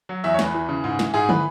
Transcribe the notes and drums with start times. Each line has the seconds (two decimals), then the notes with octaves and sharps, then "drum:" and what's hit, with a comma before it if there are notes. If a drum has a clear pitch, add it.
0.09 F#3
0.24 E2 E5
0.34 C#5
0.39 E2, drum: snare
0.44 B4
0.54 E3
0.69 C#3
0.84 G#2
0.99 E3, drum: snare
1.14 G#2 G#4
1.29 E3 B4, drum: tom